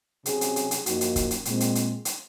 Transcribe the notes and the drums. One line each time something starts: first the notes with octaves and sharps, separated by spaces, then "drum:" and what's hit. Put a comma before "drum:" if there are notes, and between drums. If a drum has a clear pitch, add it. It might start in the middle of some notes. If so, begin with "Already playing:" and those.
C3 F#3 C#4 G#4, drum: hi-hat
drum: hi-hat
drum: hi-hat
drum: hi-hat
F#2 F3 A#3 D#4 F#4, drum: hi-hat
drum: hi-hat
drum: kick C#1, hi-hat
drum: hi-hat
A#2 G#3 C4, drum: hi-hat
drum: hi-hat
drum: hi-hat
drum: hi-hat